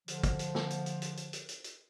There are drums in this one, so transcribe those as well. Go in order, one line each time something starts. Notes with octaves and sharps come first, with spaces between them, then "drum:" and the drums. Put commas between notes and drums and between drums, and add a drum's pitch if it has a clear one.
D3 F3, drum: hi-hat
drum: kick, hi-hat
drum: hi-hat
drum: snare
drum: hi-hat
drum: hi-hat
drum: hi-hat
drum: hi-hat
drum: hi-hat
drum: hi-hat
drum: hi-hat